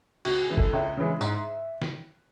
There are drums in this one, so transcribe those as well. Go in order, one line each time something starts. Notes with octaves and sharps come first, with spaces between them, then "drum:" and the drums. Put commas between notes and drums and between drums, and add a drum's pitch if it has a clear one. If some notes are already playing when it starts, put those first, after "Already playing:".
C#2 F#4, drum: cymbal
G#4
C#3 E3 G#3
A4, drum: kick
C#2 E5
C#3 E3 G#3
G#2, drum: tambourine
drum: snare